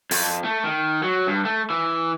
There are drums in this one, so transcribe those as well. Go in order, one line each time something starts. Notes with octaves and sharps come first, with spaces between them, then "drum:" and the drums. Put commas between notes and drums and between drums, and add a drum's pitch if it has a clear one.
F2, drum: open hi-hat
A3
D#3
F#3
G2
A3
E3